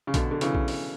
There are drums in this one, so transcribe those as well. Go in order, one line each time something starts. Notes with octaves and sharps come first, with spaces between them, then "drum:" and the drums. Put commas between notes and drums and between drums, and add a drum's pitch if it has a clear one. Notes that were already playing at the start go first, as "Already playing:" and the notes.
C#3
B2 D3, drum: kick A#1, hi-hat
D3
C#3 E3, drum: hi-hat
drum: kick A#1
drum: open hi-hat